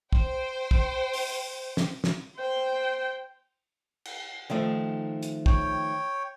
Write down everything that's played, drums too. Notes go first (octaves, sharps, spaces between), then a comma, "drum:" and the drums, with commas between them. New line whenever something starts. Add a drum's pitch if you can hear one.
C5 G5, drum: kick
drum: kick
drum: open hi-hat
drum: snare
drum: snare
C5 G5
drum: cymbal
D#3 F3 A3
drum: hi-hat
C#5 G5, drum: kick